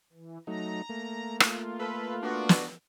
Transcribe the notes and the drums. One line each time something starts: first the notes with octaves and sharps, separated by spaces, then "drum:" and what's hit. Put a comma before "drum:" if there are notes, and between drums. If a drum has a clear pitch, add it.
E3
F#3 A3 D#4 A#5
A3 A#3
F4, drum: rim click
A4 B4
B3 D4 F#4
drum: snare